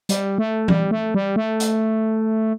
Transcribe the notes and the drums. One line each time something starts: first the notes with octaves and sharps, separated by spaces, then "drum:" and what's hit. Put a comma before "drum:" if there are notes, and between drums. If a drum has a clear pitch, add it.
G3, drum: hi-hat
A3
G3, drum: tom E3
A3
G3
A3
drum: hi-hat